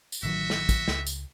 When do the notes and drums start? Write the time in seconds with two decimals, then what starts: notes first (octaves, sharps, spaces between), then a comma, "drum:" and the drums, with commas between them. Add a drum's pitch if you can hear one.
0.12 drum: tambourine
0.23 A1 D#3 F#3 F#4 E5
0.50 drum: snare
0.69 drum: kick, tambourine
0.88 C#2, drum: snare
1.07 drum: tambourine